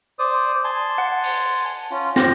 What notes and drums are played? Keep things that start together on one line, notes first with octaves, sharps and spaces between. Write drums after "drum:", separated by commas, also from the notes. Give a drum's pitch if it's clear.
C5 D5 D#6
G#5 A5 C6
F#5
drum: open hi-hat
C#4 F4
C4 F4 G4 A#6, drum: snare